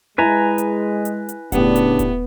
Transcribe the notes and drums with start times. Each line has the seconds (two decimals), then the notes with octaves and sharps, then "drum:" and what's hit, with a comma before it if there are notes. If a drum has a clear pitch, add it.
0.18 G#3 E4 B4 D#5 G#5 A#5
0.58 drum: hi-hat
1.05 drum: hi-hat
1.29 drum: hi-hat
1.52 A2 C#3 B3 D4 G4 F#5, drum: kick D#1, hi-hat
1.76 drum: hi-hat
1.99 drum: kick D#1, hi-hat